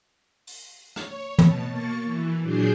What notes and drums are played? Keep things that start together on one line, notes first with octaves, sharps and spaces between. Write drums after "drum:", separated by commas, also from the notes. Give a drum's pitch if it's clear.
drum: open hi-hat
C#5, drum: rim click
B2 A5, drum: tom
A#3 C#6 A6
E3
A#2 F#3 D4 G#4 G6 C7